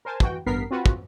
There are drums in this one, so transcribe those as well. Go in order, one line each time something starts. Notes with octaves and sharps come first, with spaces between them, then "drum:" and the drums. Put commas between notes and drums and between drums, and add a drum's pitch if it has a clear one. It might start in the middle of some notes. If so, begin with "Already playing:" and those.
A#4 C5 G#5 A5
E3 F#4 G5, drum: kick
A1 G2 B3 A#4 B6 C7
C4 F4 F#4 B4
drum: kick